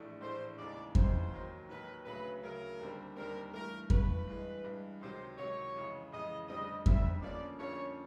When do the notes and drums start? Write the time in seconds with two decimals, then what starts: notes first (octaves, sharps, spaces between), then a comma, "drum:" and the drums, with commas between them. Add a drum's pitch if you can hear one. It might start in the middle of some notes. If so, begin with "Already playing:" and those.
Already playing: A#1 A2 E3 A3 D4
0.21 A#1 A2 E3 A3 D4 C5
0.58 D#2 C#3 E3 G#3 D5
0.95 D#2 C#3 E3 G#3 C5, drum: kick F2
1.32 D#2 D#3 F#3
1.69 D#2 D#3 F#3 B4
2.05 D2 C#3 F#3 B4
2.43 D2 C#3 F#3 A#4
2.79 D#2 D3 G3 C4
3.17 D#2 D3 G3 C4 A#4
3.53 G2 E3 A3 A#4
3.90 G2 E3 A3 B4, drum: kick F2
4.27 G2 E3 G#3
4.64 G2 E3 G#3
5.01 C#2 C3 D#3 F#3 C5
5.37 C#2 C3 D#3 F#3 C#5
5.75 F2 C#3 E3 G#3
6.12 F2 C#3 E3 G#3 D#5
6.49 F1 F2 D3 G3 C4 D#5
6.86 F1 F2 D3 G3 C4 E5, drum: kick F2
7.22 F2 D3 F3 A#3 C#4 D5
7.59 F2 D3 F3 A#3 C#4 C#5